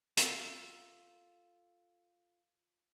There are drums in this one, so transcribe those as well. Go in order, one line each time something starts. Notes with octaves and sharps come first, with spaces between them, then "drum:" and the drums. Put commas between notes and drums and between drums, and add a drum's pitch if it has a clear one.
F4 A4, drum: hi-hat